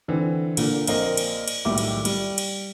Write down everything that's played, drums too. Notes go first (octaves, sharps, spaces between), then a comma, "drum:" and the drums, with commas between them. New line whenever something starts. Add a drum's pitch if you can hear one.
D3 E3 C4
A#2 D3 A#3, drum: cymbal
A#1 A#3 C4 D#5, drum: cymbal
drum: cymbal
drum: cymbal
B1 A2 D#3 G3 E5 D6
drum: cymbal
G3, drum: cymbal
drum: cymbal